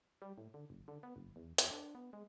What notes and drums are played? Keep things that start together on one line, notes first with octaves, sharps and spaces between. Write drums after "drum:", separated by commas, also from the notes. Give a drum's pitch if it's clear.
G3
A2
D3
F#1
D3
B3
F#1
E2
E2, drum: hi-hat
D4
B3
G#3